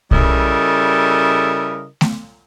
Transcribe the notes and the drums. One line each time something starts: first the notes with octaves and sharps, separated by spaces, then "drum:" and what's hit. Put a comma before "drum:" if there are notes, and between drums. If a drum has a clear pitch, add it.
C#3 G3 E4 A4 A#4 D#5, drum: kick
drum: snare A3